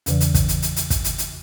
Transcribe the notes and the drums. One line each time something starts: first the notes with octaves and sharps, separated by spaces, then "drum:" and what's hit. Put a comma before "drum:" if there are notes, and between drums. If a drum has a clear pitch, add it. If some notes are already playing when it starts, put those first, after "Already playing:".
E2 C#3 E3, drum: hi-hat
drum: hi-hat
drum: kick, hi-hat
drum: hi-hat
drum: hi-hat
drum: hi-hat
drum: kick, hi-hat
drum: hi-hat
drum: hi-hat